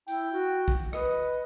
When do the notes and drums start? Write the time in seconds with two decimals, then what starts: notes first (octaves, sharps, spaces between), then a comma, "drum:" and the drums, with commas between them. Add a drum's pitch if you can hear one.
0.08 E4 G5, drum: tambourine
0.32 F#4
0.68 drum: kick
0.93 B4 D#5, drum: rim click